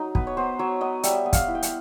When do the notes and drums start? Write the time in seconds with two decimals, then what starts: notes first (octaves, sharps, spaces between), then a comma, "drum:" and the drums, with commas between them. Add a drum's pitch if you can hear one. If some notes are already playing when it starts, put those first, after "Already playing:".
Already playing: F#3 D#4
0.15 B3 B4, drum: kick
0.27 C#5
0.37 B3 C5
0.59 F#3 C#5
0.81 B3 D#5
1.03 G3 E5, drum: hi-hat
1.26 B3
1.33 F5, drum: kick, hi-hat
1.48 E4
1.55 G5
1.63 F#5, drum: hi-hat